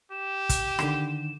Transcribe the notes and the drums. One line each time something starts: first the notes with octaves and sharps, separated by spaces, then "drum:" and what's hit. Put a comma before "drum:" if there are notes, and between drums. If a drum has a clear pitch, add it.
G4 E7
drum: kick, hi-hat
D3 D#3, drum: rim click